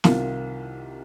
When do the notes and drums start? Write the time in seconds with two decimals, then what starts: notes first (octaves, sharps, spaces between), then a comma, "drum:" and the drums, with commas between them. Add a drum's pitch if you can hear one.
0.04 C2 C3 D#3 F4, drum: snare